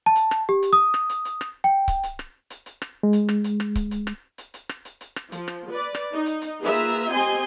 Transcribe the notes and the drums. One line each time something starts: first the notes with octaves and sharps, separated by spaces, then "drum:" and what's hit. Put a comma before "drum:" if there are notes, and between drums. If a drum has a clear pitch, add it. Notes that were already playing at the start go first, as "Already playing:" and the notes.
A5
drum: hi-hat
drum: rim click
G4
drum: hi-hat
D#6
drum: rim click
drum: hi-hat
drum: hi-hat
drum: rim click
G5
drum: kick C#1, hi-hat
drum: hi-hat
drum: rim click
drum: hi-hat
drum: hi-hat
drum: rim click
G#3
drum: hi-hat
drum: rim click
drum: hi-hat
drum: rim click
drum: kick C#1, hi-hat
drum: hi-hat
drum: rim click
drum: hi-hat
drum: hi-hat
drum: rim click
drum: hi-hat
drum: hi-hat
drum: rim click
F3, drum: hi-hat
drum: rim click
B4 D5
drum: rim click
D#4
drum: hi-hat
drum: hi-hat
A#3 F4 G#4 B4 E5 A#5
drum: hi-hat
drum: hi-hat
C4 G4 D#5 G#5 C6
drum: hi-hat